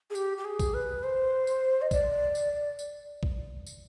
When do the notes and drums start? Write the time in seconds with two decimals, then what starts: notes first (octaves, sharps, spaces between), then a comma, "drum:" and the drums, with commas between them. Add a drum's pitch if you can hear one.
0.10 G#4
0.15 G4, drum: tambourine
0.38 G4
0.45 G#4
0.60 drum: kick, tambourine
0.74 B4
1.04 C5
1.47 drum: tambourine
1.82 D#5
1.91 D5, drum: kick, tambourine
2.35 drum: tambourine
2.79 drum: tambourine
3.23 drum: kick
3.67 drum: tambourine